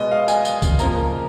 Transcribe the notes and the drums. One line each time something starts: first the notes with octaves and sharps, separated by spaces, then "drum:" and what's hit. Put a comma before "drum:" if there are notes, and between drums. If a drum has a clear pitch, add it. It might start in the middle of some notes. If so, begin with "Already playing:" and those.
Already playing: B2 G#3 B3 D#5
F5
G#5, drum: tambourine
drum: tambourine
drum: kick, tambourine
C#3 F3 A#3 A#5, drum: tambourine
A#5